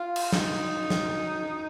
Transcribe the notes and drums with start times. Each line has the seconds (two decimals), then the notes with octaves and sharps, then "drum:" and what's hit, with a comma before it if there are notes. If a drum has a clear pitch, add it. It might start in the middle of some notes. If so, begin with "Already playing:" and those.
Already playing: F4
0.16 drum: cymbal
0.32 D#4, drum: snare
0.90 drum: snare